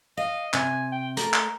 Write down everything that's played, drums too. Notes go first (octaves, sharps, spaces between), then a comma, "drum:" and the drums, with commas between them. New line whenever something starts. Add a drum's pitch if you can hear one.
D#5 F5
C3 G#5, drum: clap
G5
A3 A#4, drum: hi-hat
drum: clap